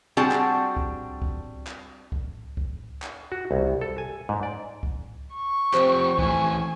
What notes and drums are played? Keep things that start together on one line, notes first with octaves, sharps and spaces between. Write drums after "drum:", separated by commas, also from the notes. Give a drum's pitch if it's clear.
G3 C4 D4 F#4 G#4 A5
drum: clap
drum: kick
drum: kick
drum: clap
drum: kick
drum: kick
drum: clap
F#4
C2
A4
G#5
G#2
D5
drum: kick
C#6
F3 C4 G4 C5 F5, drum: clap
E3 A3 G#5, drum: kick